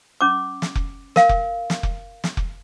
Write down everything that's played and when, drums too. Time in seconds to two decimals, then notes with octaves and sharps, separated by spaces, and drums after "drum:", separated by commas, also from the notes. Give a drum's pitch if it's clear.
0.21 C#4 D6
0.62 drum: snare
0.75 drum: kick F1
1.16 A#4 F5, drum: snare
1.29 drum: kick F1
1.70 drum: snare
1.83 drum: kick F1
2.24 drum: snare
2.37 drum: kick F1